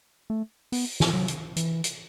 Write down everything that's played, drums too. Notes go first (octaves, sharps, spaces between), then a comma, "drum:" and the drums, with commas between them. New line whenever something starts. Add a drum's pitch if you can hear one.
A3
B3, drum: open hi-hat
drum: snare
F#3
drum: hi-hat
E3, drum: hi-hat
drum: hi-hat